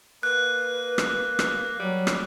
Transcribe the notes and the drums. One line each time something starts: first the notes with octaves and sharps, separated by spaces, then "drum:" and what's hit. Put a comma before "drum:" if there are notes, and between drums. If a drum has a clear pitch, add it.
A#3 B4 F#6
drum: rim click
drum: rim click
F#3 G3
drum: rim click